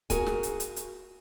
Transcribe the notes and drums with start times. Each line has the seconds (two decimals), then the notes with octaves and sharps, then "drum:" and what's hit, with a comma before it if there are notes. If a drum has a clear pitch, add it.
0.10 F#4 G#4 A#4 G#5, drum: kick, hi-hat
0.26 drum: snare
0.43 drum: hi-hat
0.60 drum: hi-hat
0.76 drum: hi-hat